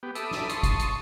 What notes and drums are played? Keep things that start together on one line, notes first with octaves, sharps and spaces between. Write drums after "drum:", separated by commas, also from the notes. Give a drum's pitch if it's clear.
B3 G4
A4 E5 B5 D6 D#6, drum: hi-hat
drum: snare
A5 C6 C#6 D#6, drum: hi-hat
drum: kick, hi-hat
drum: hi-hat